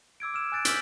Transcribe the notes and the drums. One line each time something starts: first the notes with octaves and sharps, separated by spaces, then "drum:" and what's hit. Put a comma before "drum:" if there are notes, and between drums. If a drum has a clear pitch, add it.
D6 E6 G#6 D7
E6 F6 E7
G#5 F#6 A6 D7
E6 F6 G6 A6 B6 F#7, drum: hi-hat